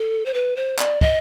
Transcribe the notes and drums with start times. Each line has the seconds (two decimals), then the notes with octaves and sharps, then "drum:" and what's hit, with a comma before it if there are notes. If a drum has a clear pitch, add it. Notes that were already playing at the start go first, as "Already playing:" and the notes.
Already playing: A4
0.26 C5
0.34 B4
0.56 C5
0.79 D5, drum: clap
1.01 D#5, drum: kick